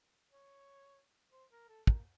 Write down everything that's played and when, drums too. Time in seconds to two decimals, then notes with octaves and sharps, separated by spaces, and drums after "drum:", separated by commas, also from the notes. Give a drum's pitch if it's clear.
0.32 C#5
1.31 C5
1.51 A#4
1.69 A4
1.87 A#3, drum: kick